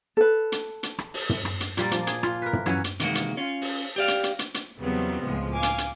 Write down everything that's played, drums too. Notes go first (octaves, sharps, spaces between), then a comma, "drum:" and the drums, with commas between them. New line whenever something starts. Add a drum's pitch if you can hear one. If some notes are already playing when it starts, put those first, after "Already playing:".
A4 B4
drum: hi-hat
drum: hi-hat
drum: rim click
drum: open hi-hat
drum: tom
drum: rim click
drum: hi-hat
A#2 G3 A#3 D5, drum: hi-hat
F3, drum: hi-hat
G#4, drum: hi-hat
F4, drum: rim click
A#4 B4
drum: tom
E3 F#3 C#4, drum: rim click
drum: hi-hat
C3 D#3 E3 G#3 A#3 F#4, drum: hi-hat
drum: hi-hat
C#4 F4
drum: open hi-hat
G4 D5 F5
drum: hi-hat
drum: hi-hat
drum: hi-hat
drum: hi-hat
E2 C#3 F#3 G3 B3 C4
C#2 A2 F3 G#3
F5 G#5 D6
drum: hi-hat
drum: hi-hat